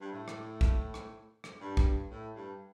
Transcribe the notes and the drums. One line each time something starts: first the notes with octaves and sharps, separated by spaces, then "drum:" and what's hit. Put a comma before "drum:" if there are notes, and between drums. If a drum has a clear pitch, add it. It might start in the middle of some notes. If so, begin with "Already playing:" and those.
G2
A2
drum: rim click
drum: kick
drum: rim click
drum: rim click
G2
drum: kick
A2
G2